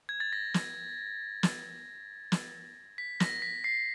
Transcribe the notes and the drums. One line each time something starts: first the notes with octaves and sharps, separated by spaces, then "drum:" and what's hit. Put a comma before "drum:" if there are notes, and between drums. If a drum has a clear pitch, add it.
G#6
A6
A#6
drum: snare
drum: snare
drum: snare
B6
A#6, drum: snare
B6
C7